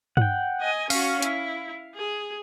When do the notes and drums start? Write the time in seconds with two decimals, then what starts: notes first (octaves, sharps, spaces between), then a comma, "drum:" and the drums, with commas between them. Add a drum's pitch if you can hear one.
0.17 F#5 G5, drum: tom G2
0.61 D#5 G#5
0.90 C#4 F#4 F5, drum: open hi-hat
1.22 E4, drum: hi-hat
1.94 G#4